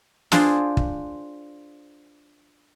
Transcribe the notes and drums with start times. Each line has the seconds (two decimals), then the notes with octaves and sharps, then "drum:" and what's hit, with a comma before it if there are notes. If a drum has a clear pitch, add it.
0.32 D4 F4 G#4 C5 D5, drum: snare
0.77 drum: kick